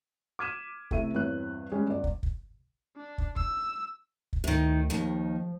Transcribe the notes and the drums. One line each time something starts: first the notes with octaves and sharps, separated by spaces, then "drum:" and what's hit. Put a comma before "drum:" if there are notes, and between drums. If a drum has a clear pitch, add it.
D6 F6 G#6 B6 D#7 E7
C3 A3 C4 E4 E5 D#7, drum: kick
E2 G2 C4 E4 C#5 F#6
G3 G#3 C#4 G#4
G1 D5
drum: kick
drum: kick
D4
drum: kick
E6, drum: kick
drum: kick
D2 A2 D#3
D#2 D#3 F3